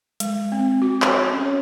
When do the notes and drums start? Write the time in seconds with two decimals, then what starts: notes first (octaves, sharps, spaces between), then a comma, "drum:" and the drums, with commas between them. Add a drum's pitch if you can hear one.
0.20 G#3, drum: hi-hat
0.52 C4
0.82 F#4
1.02 C#5, drum: clap
1.32 C#4
1.45 C#5